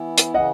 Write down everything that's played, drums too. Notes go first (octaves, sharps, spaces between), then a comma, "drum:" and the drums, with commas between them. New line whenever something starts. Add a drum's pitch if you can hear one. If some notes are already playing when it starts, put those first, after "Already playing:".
Already playing: E3 B3 E4
drum: hi-hat
C#3 E3 D#5 F#5